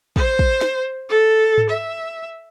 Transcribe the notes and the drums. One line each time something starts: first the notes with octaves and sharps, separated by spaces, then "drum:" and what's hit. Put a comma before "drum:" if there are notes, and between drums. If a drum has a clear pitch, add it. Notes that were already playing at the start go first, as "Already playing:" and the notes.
C5, drum: kick
drum: kick
drum: snare
A4
drum: tom G#2
E5